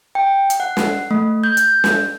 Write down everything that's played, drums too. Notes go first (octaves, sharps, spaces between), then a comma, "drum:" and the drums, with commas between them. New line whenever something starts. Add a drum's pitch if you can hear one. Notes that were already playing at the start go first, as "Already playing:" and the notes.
G5
drum: hi-hat
F#5
drum: snare
A3
G6
drum: hi-hat
drum: snare